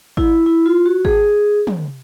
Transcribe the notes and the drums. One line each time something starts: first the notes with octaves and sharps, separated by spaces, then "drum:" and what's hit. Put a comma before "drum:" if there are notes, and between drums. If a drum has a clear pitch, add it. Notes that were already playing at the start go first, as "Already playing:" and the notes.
E4, drum: kick G#1
E4
F4
F#4
G#4, drum: kick G#1
drum: tom